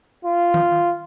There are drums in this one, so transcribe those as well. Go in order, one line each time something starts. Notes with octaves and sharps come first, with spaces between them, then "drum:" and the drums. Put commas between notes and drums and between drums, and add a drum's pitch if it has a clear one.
F4
drum: tom D#3